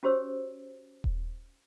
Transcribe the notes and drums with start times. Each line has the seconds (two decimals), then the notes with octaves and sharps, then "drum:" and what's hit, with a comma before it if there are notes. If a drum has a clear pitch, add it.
0.03 C#4 F#4 G4 C5 C#5 E6
1.04 drum: kick D#1